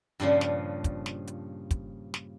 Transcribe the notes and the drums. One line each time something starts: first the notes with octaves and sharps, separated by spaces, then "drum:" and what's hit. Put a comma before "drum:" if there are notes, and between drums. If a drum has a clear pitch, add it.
G2 A#2 C#3 F3
drum: snare
drum: kick, hi-hat
drum: snare
drum: hi-hat
drum: kick, hi-hat
drum: snare